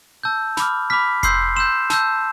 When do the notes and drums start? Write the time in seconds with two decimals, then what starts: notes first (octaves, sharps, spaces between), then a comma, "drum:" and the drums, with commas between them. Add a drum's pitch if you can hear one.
0.23 A5 E6 G6
0.57 B5 D6 F6, drum: snare
0.90 B5 D6 F6 B6
1.23 C6 E6 G6 C7, drum: kick F1, hi-hat
1.56 C6 E6 G6 E7
1.90 A5 E6 G6, drum: snare